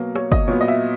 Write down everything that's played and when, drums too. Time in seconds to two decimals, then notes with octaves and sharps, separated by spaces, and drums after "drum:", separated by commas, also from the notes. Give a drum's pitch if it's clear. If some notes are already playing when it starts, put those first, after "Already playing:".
Already playing: B2 F#3 A#3
0.16 C#5, drum: rim click
0.32 D#5, drum: kick G1
0.48 A#2 F#3 B3 C#5
0.61 D#5
0.68 E5